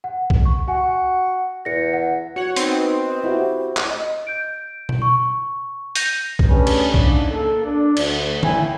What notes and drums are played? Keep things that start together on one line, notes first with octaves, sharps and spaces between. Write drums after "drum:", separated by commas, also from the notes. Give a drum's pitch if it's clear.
F#5
drum: kick B1
C#6
F#4 F#5 G#5
E2 A#6 C#7
F#5
F#4 C#5 F#5
B3 C4 D#4, drum: hi-hat
D#5
E4 F#4 G4 C5
drum: clap
D#5
G6 D7
drum: tom B2
C#6
G6 A#6 D#7 F7, drum: hi-hat
drum: kick B1
A3 C#4 D4 G4 G#4 B4
drum: cymbal
G#2 C#3 D4, drum: kick B1
A#3 A4
D4
D2, drum: cymbal
A#3 E4 C#5 G5 G#5, drum: tom D3